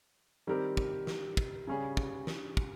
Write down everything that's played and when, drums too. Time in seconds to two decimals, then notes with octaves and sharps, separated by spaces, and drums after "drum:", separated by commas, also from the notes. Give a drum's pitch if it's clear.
0.47 D#3 G3 C4 G4 A#4
0.77 drum: kick
1.07 drum: snare
1.37 drum: kick
1.67 C#3 G3 C#4 G#4
1.97 drum: kick
2.27 drum: snare
2.57 drum: kick